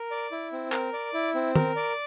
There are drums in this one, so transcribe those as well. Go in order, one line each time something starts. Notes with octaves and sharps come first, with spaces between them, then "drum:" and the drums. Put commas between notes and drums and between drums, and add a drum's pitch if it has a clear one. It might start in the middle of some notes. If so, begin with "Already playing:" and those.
Already playing: A#4
D5
E4
C4
A#4, drum: clap
D5
E4
C4
A#4, drum: tom
D5